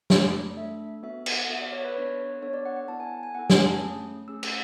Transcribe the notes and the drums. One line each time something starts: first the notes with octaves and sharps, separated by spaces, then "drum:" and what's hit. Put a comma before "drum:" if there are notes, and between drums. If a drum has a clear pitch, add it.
A3 D4 A4 D5, drum: snare
A3 D4 A4 E5
B3 F#4 A4 E5
F#5, drum: cymbal
B3 F#4 A4 E5
D5
C#5
B4
B3 D4 A4 C#5
B3 D4 A4 C#5
D5
F#5
F#5
B3 E4 A4 A5
G#5
G#5
B3 E4 A4 F#5
G#5, drum: snare
A5
A3 C#4 G#4
A3 C#4 G#4 E6
drum: cymbal